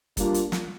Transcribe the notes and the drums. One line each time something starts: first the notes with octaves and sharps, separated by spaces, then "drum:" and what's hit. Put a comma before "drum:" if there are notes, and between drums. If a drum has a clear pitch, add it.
G3 A#3 D4 F4, drum: kick, hi-hat
drum: hi-hat
drum: snare